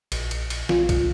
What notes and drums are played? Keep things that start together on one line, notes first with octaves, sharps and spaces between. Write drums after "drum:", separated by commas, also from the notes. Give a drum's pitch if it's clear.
A#1, drum: cymbal
drum: cymbal
drum: cymbal
F4, drum: snare
drum: kick, cymbal